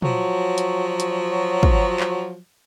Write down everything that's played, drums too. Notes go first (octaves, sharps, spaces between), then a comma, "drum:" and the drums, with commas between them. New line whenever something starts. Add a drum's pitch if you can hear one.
F3 F#3, drum: tom
drum: hi-hat
drum: hi-hat
drum: kick
drum: clap